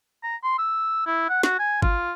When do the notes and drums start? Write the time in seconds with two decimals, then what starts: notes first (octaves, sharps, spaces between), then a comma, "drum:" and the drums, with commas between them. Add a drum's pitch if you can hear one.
0.24 A#5
0.44 C6
0.59 E6
1.07 E4
1.29 F#5
1.43 F#4, drum: snare
1.59 G#5
1.82 F4, drum: kick